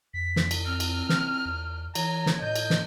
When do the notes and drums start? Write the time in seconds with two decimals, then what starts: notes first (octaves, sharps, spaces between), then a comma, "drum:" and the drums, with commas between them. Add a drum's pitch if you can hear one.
0.14 F2 B6
0.36 drum: snare
0.51 drum: cymbal
0.65 C4 F6
0.80 drum: cymbal
1.09 drum: snare
1.45 E2
1.95 E3 C#5 A#5, drum: cymbal
2.26 drum: snare
2.42 A2 D#5 G6
2.56 drum: cymbal
2.70 drum: snare